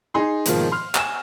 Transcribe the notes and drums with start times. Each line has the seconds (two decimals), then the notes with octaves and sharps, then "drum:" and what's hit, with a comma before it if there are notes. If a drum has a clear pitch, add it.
0.14 D#4 G#4 C6
0.46 G#2 B2 D#3 F3 A#3 F4, drum: hi-hat
0.72 C6 F6
0.95 G#5 E7, drum: clap